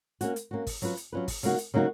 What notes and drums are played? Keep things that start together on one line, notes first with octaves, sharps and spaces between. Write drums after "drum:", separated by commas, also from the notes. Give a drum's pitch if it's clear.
A#3 C#4 F#4, drum: hi-hat
drum: hi-hat
A#3 C#4 F#4
drum: kick, open hi-hat
F#3 C#4 F4 B4, drum: hi-hat
drum: hi-hat
F#3 C#4 F4 B4
drum: kick, open hi-hat
C#3 F#3 A#3 D#4 F#4, drum: hi-hat
drum: hi-hat
C#3 F#3 A#3 D#4 F#4